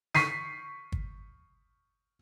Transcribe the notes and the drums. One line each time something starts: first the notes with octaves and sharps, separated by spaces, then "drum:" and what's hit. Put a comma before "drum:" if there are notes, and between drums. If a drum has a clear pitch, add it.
C#6 B6 C7 D#7, drum: snare
drum: kick